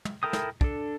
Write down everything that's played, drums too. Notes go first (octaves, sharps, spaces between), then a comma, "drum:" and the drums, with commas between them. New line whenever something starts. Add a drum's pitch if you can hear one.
drum: tom
E4 A4 A#4 G5 D#6
drum: snare
D4 A4, drum: kick